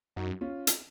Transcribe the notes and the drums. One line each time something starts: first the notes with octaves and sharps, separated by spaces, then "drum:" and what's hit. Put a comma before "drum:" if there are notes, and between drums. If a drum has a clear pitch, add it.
F#2 D#4 F#4
C#4 F4
drum: hi-hat